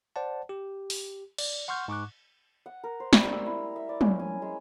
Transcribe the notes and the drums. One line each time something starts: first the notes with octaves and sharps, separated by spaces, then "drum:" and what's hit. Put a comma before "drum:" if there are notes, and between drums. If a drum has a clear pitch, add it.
C5 D5 F#5 A5
G4
drum: open hi-hat
D5, drum: cymbal
F#5 C6 C#6 F6 G6
G#2 C#6 D6 F#6
F#5
A#4
C5
G3, drum: snare
E6
E4
E5
D5
C#4, drum: tom
G#5
G#3